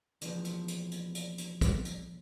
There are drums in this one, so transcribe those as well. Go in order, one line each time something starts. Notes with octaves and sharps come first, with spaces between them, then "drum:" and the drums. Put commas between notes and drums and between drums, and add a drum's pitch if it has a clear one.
D#2 B2 E3 F3 G#3, drum: hi-hat
drum: hi-hat
drum: hi-hat
drum: hi-hat
drum: hi-hat
drum: hi-hat
drum: kick, hi-hat
drum: hi-hat